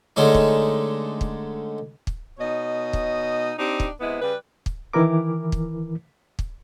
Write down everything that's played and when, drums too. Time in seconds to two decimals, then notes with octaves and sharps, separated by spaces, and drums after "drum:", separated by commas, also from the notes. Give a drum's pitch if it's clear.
0.16 D3 G#3 A3 C#4 D#4
0.34 drum: kick
1.21 drum: kick
2.07 drum: kick
2.39 B2 D#4 C#5 D#5
2.93 drum: kick
3.58 C4 D4 D#4 G4
3.80 drum: kick
4.01 C3 G#3 B3 E4
4.21 C#3 G3 B4
4.66 drum: kick
4.93 D#3 E3 E4 A#4 D6
5.52 drum: kick
6.39 drum: kick